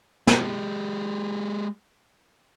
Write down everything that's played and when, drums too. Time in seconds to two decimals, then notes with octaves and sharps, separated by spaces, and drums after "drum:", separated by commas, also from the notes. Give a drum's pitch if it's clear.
0.27 G#3 G4, drum: snare